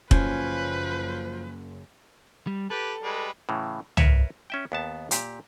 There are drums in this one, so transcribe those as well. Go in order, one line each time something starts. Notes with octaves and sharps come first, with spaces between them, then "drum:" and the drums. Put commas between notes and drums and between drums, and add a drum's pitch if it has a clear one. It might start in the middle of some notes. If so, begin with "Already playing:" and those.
F#1 F3 C#4 B4, drum: kick
G3
G4 A4 B4
G3 G#3 B4
A2 C#3 E3
A#4 B4 C#5 E5, drum: tom
C#4 E5 G5
D#2 B3 A5
A#2 G4, drum: hi-hat